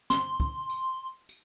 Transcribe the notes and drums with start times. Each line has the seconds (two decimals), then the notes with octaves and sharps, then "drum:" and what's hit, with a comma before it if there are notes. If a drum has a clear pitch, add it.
0.10 C6, drum: snare
0.40 drum: kick
0.70 drum: tambourine
1.29 drum: tambourine